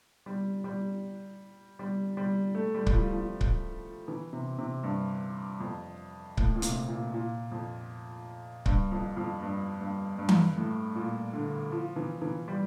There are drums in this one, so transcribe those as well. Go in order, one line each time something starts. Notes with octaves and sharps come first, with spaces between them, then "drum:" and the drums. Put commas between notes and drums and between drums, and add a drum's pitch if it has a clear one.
G3
G3
G3
G3
A3
G3
G3, drum: kick C#1
F3
F3
drum: kick C#1
E3
C3
C3
G2
F2
A2, drum: kick C#1
A#2
C3, drum: hi-hat
A#2
A#2
F2
G2, drum: kick C#1
F2
F2
G2
G2
G2
drum: tom E3
A2
A#2
D3
F3
E3
E3
G3